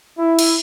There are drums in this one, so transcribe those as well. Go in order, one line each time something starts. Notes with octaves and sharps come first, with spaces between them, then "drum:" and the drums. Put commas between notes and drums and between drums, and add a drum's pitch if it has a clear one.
E4
drum: cymbal